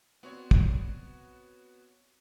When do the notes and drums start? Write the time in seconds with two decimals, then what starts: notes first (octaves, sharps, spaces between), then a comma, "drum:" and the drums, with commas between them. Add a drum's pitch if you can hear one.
0.23 B3 C4 F#4 C#5 D5
0.51 drum: kick